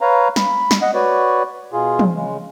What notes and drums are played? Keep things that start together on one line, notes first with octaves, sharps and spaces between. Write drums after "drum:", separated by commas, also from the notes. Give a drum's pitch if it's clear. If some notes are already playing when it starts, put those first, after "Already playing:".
B4 C#5 F5 A#5
B5, drum: snare
drum: snare
D#5 F#5
F#4 B4 C#5 D5
B2 F4 G#4
drum: tom
C#3 G#3